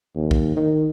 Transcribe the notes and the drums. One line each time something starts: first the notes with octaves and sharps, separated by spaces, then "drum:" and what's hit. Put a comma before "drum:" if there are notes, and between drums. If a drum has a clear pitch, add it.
D#2
drum: kick B1
D#3